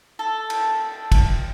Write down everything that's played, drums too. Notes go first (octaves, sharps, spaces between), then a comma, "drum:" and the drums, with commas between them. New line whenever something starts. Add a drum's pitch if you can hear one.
A4
drum: cymbal
drum: kick, cymbal